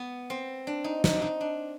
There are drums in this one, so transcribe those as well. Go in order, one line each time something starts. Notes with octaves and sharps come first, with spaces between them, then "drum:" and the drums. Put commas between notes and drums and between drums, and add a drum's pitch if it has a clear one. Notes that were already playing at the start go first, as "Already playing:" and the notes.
Already playing: B3
C4
D4
D#4
D#4, drum: snare
D4
D#4
D4